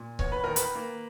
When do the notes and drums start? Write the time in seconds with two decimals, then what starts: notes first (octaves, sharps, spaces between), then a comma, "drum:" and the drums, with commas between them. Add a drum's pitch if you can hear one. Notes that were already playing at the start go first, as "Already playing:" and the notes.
Already playing: A#2
0.19 E2 C#5, drum: kick C#1
0.32 B4
0.44 D#3 A#4
0.56 B4, drum: hi-hat
0.75 A#3